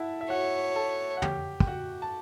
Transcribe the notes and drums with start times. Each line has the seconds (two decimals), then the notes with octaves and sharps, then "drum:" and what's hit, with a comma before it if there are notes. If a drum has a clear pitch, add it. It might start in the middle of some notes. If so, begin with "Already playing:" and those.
Already playing: E4 E5 F#5 A5
0.21 E5
0.30 F#4 C#5 F#5
0.76 A4 A5
1.17 F#5
1.22 G4 G5, drum: tom
1.60 G5, drum: kick
1.67 F#4 F#5
2.02 A5